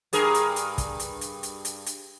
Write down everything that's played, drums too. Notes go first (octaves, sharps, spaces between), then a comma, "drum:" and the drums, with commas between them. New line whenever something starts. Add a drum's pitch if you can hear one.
G2 G#4 A#4, drum: hi-hat
drum: hi-hat
drum: hi-hat
drum: kick, hi-hat
drum: hi-hat
drum: hi-hat
drum: hi-hat
drum: hi-hat
drum: hi-hat